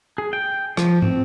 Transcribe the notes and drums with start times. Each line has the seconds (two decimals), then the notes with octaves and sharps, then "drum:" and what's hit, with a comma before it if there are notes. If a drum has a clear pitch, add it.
0.18 G#4
0.33 G5
0.77 F3, drum: rim click
1.02 C4, drum: tom